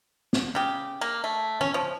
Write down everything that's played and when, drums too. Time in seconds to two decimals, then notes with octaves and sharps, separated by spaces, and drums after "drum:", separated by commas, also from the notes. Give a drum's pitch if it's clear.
0.33 drum: snare
0.55 C#3 G4
1.01 A#3
1.24 A3
1.61 C#4, drum: tom D#3
1.74 F3